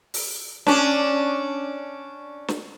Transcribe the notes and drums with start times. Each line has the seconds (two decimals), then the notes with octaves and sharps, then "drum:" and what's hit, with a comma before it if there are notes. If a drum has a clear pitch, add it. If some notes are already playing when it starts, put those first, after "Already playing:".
0.14 drum: open hi-hat
0.67 C#4 D4, drum: snare
2.48 drum: snare